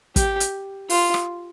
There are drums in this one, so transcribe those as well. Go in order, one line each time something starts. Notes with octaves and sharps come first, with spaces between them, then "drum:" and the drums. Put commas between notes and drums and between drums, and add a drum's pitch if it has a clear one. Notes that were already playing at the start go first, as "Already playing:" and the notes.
G4, drum: kick, hi-hat
drum: hi-hat
F4, drum: open hi-hat
drum: rim click